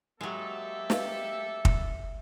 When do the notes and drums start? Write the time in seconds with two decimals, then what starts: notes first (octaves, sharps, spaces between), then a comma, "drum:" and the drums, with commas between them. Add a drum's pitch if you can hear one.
0.21 F#3 G#3 A#3 G4 A4 E5
0.90 B4 D#5 F5, drum: snare
1.65 drum: kick